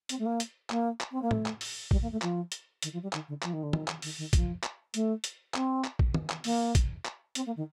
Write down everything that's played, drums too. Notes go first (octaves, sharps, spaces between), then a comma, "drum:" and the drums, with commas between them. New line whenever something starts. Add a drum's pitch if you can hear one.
C4, drum: hi-hat
A3
A#3
drum: hi-hat
A#3, drum: clap
drum: clap
C4
A#3
A3, drum: tom
drum: clap
drum: open hi-hat
G3, drum: kick
A#3
A3
F3, drum: clap
drum: hi-hat
D#3, drum: hi-hat
F3
G3
D#3, drum: clap
D3
F3, drum: clap
D#3
D3
D#3, drum: tom
drum: clap
D#3, drum: open hi-hat
D#3
F3, drum: kick, hi-hat
drum: clap
A3, drum: hi-hat
drum: hi-hat
C4, drum: clap
drum: clap
drum: kick
drum: tom
drum: clap
A#3, drum: open hi-hat
drum: kick, hi-hat
drum: clap
C4, drum: hi-hat
A#3
D#3